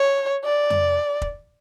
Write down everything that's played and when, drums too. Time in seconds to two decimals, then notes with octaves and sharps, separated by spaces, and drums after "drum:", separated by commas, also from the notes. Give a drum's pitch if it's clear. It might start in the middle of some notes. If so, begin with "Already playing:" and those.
Already playing: C#5
0.44 D5
0.70 drum: tom F2
1.22 drum: kick